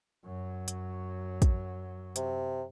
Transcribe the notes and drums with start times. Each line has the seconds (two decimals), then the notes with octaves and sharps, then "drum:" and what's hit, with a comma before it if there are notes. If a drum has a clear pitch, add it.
0.24 F#2 F#3
0.68 drum: hi-hat
1.42 drum: kick, hi-hat
2.16 C3, drum: hi-hat